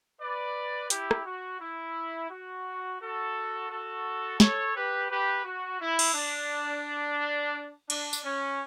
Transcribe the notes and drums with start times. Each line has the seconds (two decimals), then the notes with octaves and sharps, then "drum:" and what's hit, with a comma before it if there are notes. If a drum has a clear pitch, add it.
0.21 B4 D5
0.90 E4 G4, drum: hi-hat
1.11 drum: rim click
1.25 F#4
1.60 E4
2.30 F#4
3.00 F#4 A4
3.70 F#4 A4
4.40 A4 C#5, drum: snare
4.74 G4 B4
5.10 G4 B4
5.45 F#4
5.80 E4
5.99 drum: cymbal
6.14 D4
7.90 D4, drum: cymbal
8.13 drum: tambourine
8.24 C#4